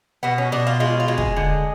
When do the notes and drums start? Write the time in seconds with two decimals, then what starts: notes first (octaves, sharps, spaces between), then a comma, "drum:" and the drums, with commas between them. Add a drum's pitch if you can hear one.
0.23 B2 B3
0.38 C#4
0.52 B2 D4
0.67 F4
0.80 G#3 F4
1.00 F4
1.08 G#3
1.18 G#4, drum: kick
1.37 D3